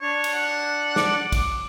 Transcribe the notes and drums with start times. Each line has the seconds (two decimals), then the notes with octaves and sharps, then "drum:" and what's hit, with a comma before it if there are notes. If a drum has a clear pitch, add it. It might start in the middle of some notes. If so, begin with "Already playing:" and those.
0.01 D4 C#5
0.24 drum: cymbal
0.33 F#5
0.96 D6, drum: snare
1.32 drum: kick, cymbal